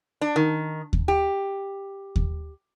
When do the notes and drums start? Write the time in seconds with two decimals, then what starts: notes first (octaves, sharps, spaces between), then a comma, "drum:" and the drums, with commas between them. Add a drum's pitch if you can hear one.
0.21 D4
0.36 D#3
0.93 drum: kick D#2
1.08 G4
2.16 drum: kick D#2